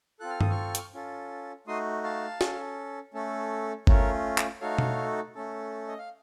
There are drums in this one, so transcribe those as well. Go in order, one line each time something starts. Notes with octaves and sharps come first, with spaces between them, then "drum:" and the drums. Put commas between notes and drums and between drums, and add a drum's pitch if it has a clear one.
C4 F4 A4 F#6
F6
D#6, drum: tom G2
C#6 F6
drum: hi-hat
C#4 F4 A4
A3 D#4 F#4 C6 D#6
F5 A5
C#4 A4, drum: snare
A3 C#4 A4
A3 C#4 F4 A#4 C#5, drum: kick G1
drum: clap
A3 D#4 F#4 A4 C#5 F5
drum: tom B2
A3 C#4 A4
D#5
F5